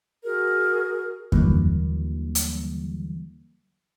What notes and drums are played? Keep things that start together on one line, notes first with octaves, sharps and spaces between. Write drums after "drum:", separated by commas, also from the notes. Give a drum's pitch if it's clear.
F#4 G#4 A#4
D#2 D3 E3 F#3 G3 A#3, drum: kick F#2
drum: hi-hat